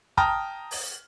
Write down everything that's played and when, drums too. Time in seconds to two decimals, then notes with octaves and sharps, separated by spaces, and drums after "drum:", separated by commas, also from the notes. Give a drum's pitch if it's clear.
0.17 G5 A5 A#5 D#6 F6, drum: kick
0.71 drum: open hi-hat